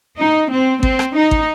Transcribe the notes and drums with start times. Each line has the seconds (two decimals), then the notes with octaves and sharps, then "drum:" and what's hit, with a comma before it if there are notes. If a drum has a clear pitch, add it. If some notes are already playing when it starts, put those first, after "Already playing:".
0.18 D#4
0.51 C4
0.83 C4, drum: kick G#1
0.99 drum: rim click
1.16 D#4
1.31 drum: kick G#1